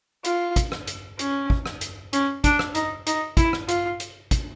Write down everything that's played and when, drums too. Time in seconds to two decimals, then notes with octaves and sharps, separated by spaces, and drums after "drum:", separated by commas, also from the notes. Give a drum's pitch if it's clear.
0.25 F4, drum: hi-hat
0.56 drum: kick, hi-hat
0.72 drum: rim click
0.87 drum: hi-hat
1.19 C#4, drum: hi-hat
1.50 drum: kick
1.66 drum: rim click
1.81 drum: hi-hat
2.13 C#4, drum: hi-hat
2.44 D4, drum: kick, hi-hat
2.59 drum: rim click
2.75 D#4, drum: hi-hat
3.07 D#4, drum: hi-hat
3.37 E4, drum: kick, hi-hat
3.53 drum: rim click
3.69 F4, drum: hi-hat
4.00 drum: hi-hat
4.31 drum: kick, hi-hat